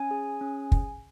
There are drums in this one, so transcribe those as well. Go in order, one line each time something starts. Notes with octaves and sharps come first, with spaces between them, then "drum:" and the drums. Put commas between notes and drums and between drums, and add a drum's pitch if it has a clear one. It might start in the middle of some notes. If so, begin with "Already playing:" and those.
Already playing: C#4 G#5
G#4
C#4
drum: kick